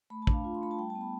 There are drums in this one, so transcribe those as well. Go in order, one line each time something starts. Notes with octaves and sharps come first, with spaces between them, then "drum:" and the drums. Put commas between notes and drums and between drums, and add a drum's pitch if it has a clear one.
A3 B5
A5
D4, drum: kick
F5
F4
C6
A3 B5
A5
G3 G5
A5
B3
B5